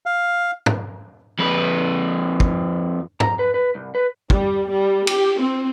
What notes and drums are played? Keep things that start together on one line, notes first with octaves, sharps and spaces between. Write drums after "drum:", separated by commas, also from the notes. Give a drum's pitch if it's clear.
F5
drum: tom
F2 B4
drum: kick
A#5, drum: tom
B4
B4
C2
B4
G3, drum: kick
G3
G4, drum: cymbal
C4